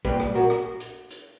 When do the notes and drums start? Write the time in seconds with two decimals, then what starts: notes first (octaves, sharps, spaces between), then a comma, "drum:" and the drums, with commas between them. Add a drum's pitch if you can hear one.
0.05 A#2 G3 G4 B4, drum: kick A#1
0.20 drum: rim click
0.35 F#4 A#4
0.50 drum: rim click
0.80 drum: hi-hat
1.11 drum: hi-hat